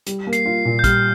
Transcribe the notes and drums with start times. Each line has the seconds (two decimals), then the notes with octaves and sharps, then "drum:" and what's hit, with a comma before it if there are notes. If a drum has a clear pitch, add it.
0.06 G3, drum: hi-hat
0.27 A#3
0.33 C7, drum: hi-hat
0.46 F4
0.65 A#2
0.79 G6
0.84 G3 F6, drum: kick, hi-hat